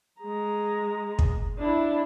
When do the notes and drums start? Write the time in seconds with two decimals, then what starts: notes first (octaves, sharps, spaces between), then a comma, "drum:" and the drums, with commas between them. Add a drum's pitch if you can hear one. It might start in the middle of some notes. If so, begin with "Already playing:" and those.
0.21 G#3 A#5
1.19 drum: kick
1.58 D4 E4